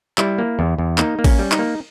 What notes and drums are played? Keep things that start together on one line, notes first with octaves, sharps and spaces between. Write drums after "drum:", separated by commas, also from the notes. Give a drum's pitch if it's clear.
G3 E4, drum: clap
A#3
E2
E2
A#3 D#4, drum: clap
A#3
C#4, drum: kick A1, cymbal
G3
D#4, drum: clap
A#3